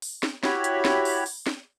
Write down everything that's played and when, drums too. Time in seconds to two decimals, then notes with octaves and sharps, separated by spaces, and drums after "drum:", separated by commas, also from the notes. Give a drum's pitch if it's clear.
0.02 drum: open hi-hat
0.23 drum: snare
0.44 E4 F#4 G4 C#5 B5, drum: snare
0.64 drum: hi-hat
0.85 drum: snare
1.05 drum: open hi-hat
1.26 drum: open hi-hat
1.47 drum: snare